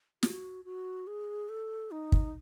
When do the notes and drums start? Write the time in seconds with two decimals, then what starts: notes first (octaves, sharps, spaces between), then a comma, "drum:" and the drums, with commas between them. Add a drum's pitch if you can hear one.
0.23 F#4, drum: snare
0.65 F#4
1.07 G#4
1.49 A4
1.91 D#4
2.12 drum: kick